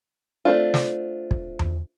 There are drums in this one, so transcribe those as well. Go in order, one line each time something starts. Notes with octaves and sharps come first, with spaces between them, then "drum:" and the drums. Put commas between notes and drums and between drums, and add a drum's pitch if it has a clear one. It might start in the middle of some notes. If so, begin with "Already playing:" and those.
A3 A#3 C4 D4 F4
drum: snare
drum: kick
drum: tom E2